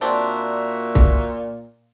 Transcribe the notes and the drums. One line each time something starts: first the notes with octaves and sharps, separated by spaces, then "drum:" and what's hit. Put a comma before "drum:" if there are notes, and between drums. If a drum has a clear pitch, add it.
A#2 G#3 C4 D4 F#4 E5 A#5
drum: kick